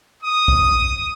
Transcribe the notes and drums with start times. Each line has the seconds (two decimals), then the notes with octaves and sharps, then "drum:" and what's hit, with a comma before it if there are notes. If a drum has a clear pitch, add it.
0.21 D#6
0.48 drum: kick